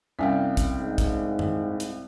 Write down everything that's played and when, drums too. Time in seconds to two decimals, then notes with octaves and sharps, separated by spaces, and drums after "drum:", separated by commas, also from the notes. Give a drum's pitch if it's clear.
0.19 C2 C#4 E5 F5 G5
0.57 drum: kick, hi-hat
0.78 G#2
0.98 drum: kick, hi-hat
1.39 drum: tom F#2
1.80 drum: hi-hat